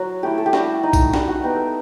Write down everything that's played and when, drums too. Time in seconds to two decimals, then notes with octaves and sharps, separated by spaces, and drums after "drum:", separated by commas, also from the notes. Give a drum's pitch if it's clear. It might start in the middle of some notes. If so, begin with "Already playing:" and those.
Already playing: F#3 F#4
0.23 A3 E4 G4
0.38 A4
0.46 G4
0.53 G3 F#4, drum: snare
0.83 D#4
0.93 drum: kick B1, tambourine
1.14 G3 F#4, drum: snare
1.20 G4
1.28 F#4
1.43 B3 D#4 G4
1.56 A4